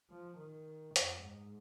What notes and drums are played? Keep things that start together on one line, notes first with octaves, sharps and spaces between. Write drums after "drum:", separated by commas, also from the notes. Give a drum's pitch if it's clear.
F3
D#3
F2, drum: hi-hat
G#2